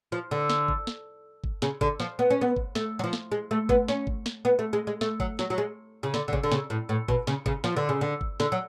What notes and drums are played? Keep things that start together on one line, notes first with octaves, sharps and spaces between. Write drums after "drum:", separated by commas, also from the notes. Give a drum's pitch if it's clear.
F3
D3
drum: snare
drum: kick
drum: snare
drum: kick
C#3, drum: snare
D3, drum: kick
F3, drum: snare
B3
C#4
B3
drum: kick
A3, drum: snare
F#3
F3
drum: snare
G#3
A3
B3, drum: kick
C#4, drum: snare
drum: kick
drum: snare
B3
A3
G#3
G#3
A3, drum: snare
F#3, drum: kick
F#3, drum: snare
F#3
G#3
C#3
D3, drum: snare
D3
C#3, drum: kick
D3
C#3, drum: snare
A2
A2
B2, drum: kick
C#3, drum: snare
C#3, drum: kick
F3, drum: snare
D3
C#3
D3
drum: kick
D3, drum: snare
F#3